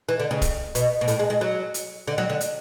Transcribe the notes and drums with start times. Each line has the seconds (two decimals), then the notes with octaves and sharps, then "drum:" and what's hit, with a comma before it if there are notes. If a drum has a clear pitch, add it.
0.09 E3
0.19 D3
0.31 C#3
0.42 drum: kick, hi-hat
0.75 B2, drum: hi-hat
1.01 B2
1.08 A2, drum: hi-hat
1.19 G#3
1.30 G#3
1.41 F#3
1.74 drum: hi-hat
2.08 D3
2.18 F#3
2.30 D3
2.41 drum: hi-hat